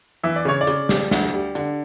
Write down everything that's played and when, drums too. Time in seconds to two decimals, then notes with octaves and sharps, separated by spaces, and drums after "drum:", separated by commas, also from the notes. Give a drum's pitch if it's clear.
0.24 E3 E5
0.36 D5
0.45 C#3 C#5
0.61 D5
0.67 C#3, drum: hi-hat
0.89 G3, drum: snare
1.11 D2, drum: snare
1.33 G3
1.55 D3, drum: hi-hat